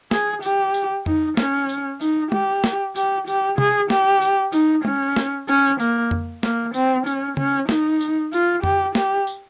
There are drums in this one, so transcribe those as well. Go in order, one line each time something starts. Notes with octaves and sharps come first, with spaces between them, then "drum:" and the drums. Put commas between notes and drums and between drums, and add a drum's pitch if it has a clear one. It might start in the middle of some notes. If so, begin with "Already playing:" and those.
G#4, drum: snare
G4, drum: tambourine
drum: tambourine
D#4, drum: tom F2
C#4, drum: snare
drum: tambourine
D#4, drum: tambourine
G4, drum: tom
drum: snare
G4, drum: tambourine
G4, drum: tambourine
G#4, drum: tom C3
G4, drum: snare
drum: tambourine
D#4, drum: tambourine
C#4, drum: tom
drum: snare
C#4, drum: tambourine
A#3, drum: tambourine
drum: tom F2
A#3, drum: snare
C4, drum: tambourine
C#4, drum: tambourine
C#4, drum: tom C#3
D#4, drum: snare
drum: tambourine
F4, drum: tambourine
G4, drum: tom F2
G4, drum: snare
drum: tambourine